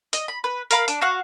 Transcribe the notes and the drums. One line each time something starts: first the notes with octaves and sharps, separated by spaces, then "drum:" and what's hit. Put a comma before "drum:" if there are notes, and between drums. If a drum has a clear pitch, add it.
D#5, drum: hi-hat
B5
B4
A#4 F5 B5, drum: hi-hat
D4, drum: hi-hat
F#4 F5 C#6 F#6